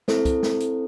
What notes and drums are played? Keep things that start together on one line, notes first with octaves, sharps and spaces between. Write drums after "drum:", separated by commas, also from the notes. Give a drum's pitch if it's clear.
C4 E4 A4 C5, drum: snare
drum: kick, hi-hat
drum: snare
drum: hi-hat